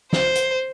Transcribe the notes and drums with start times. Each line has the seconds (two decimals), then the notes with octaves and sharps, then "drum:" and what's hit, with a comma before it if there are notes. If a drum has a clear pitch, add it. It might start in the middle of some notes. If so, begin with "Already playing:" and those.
0.13 C5, drum: snare
0.35 drum: hi-hat